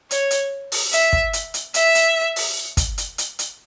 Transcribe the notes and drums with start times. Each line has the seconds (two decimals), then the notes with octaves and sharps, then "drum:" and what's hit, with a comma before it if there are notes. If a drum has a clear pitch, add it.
0.11 C#5, drum: hi-hat
0.31 drum: hi-hat
0.72 drum: open hi-hat
0.93 E5, drum: hi-hat
1.13 drum: kick
1.33 drum: hi-hat
1.54 drum: hi-hat
1.74 E5, drum: hi-hat
1.95 drum: hi-hat
2.36 drum: open hi-hat
2.77 drum: kick, hi-hat
2.98 drum: hi-hat
3.18 drum: hi-hat
3.39 drum: hi-hat